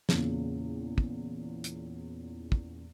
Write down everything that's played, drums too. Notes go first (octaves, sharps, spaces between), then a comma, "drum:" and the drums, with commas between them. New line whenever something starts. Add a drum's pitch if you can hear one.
E2 A#2 C#3, drum: snare
drum: kick
drum: hi-hat
drum: kick